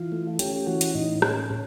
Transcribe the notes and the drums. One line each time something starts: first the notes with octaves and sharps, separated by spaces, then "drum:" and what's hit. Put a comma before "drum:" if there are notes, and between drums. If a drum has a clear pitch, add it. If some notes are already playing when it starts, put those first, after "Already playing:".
Already playing: E3 F4
A3
C#4 G4, drum: hi-hat
G4
E3 F#4
drum: hi-hat
A2 D#4
C#4, drum: rim click
C#4